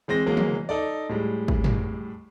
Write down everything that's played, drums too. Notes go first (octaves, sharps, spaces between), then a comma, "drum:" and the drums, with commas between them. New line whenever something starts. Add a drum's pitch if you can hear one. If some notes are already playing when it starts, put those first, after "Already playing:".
E3 G#3 C4 A#6
E3 F#3 G#3 A#3
drum: tom
D#4 A4 D5
A2 G3 G#3
drum: kick
drum: tom